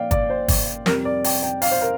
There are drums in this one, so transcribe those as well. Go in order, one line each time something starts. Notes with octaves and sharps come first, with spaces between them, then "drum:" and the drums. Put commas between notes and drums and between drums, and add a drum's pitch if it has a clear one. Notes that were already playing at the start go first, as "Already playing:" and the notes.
Already playing: A#2 F3 D5 F5 G5
D5, drum: kick, hi-hat
C5
drum: kick, open hi-hat
F2 C3 G3 A#4, drum: snare
D5
G5, drum: open hi-hat
G5
F5, drum: open hi-hat
C5
A#4